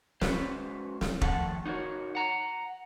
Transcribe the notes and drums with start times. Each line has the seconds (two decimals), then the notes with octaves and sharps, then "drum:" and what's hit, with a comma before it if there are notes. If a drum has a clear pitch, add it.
0.21 G#3 C#4 F#4 B4 C5, drum: snare
1.01 drum: snare
1.21 D#3 F3 A3 A4 F#5, drum: kick
1.66 D#4 F#4 A#4 C#5
2.15 F#5 A#5